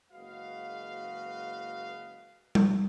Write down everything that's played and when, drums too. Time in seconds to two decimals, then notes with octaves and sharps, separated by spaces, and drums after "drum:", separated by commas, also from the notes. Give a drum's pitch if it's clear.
0.12 F#1 G#3 F#4 B4 D#5 F5
2.55 drum: tom G3